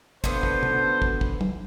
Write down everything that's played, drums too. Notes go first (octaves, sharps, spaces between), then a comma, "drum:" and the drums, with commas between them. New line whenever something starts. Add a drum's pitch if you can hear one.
D3 B3 F#4 A4 C5, drum: kick
drum: kick
drum: tom B2
drum: kick
drum: kick
drum: tom